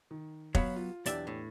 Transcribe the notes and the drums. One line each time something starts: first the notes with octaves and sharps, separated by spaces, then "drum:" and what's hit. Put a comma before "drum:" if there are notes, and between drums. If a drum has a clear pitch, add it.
D#3
F#3 B3 C#5 F5 B5, drum: kick F1
F4
B1 E2 D4 G4 D5 E5, drum: hi-hat
A2